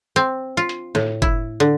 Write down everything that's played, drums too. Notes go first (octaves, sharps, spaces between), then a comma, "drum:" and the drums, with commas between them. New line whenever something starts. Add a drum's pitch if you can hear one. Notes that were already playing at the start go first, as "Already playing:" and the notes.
C4
F4
drum: hi-hat
A2, drum: snare
E4, drum: kick F#1
D3